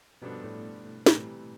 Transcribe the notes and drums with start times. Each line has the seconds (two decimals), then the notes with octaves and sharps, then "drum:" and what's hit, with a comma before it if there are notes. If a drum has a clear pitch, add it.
0.22 G2 B2 F3 B3 D4 A4
0.44 A2
0.86 A2
1.06 A2 C3 E3 G3, drum: snare